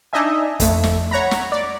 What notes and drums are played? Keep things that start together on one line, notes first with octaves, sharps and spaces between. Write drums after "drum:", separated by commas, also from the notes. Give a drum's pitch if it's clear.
D4 D#4 D#5 E5 G#5
F2 A3, drum: kick, hi-hat
drum: snare
C#5 F#5 A#5 B5
drum: snare
D5